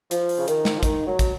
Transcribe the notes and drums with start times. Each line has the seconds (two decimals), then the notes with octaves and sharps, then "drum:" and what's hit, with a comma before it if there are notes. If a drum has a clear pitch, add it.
0.11 F3, drum: hi-hat
0.29 drum: open hi-hat
0.38 C#3
0.48 D#3, drum: hi-hat
0.65 drum: snare
0.78 F3
0.83 D#3, drum: kick, hi-hat
1.07 F#3
1.19 drum: kick, hi-hat